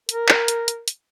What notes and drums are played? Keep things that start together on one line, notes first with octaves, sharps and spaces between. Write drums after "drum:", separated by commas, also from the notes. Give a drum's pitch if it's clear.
A#4, drum: hi-hat
drum: clap
drum: hi-hat
drum: hi-hat
drum: hi-hat